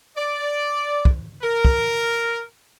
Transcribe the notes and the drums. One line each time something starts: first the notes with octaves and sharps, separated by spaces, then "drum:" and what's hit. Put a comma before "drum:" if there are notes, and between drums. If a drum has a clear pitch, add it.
D5
drum: kick
A#4
drum: kick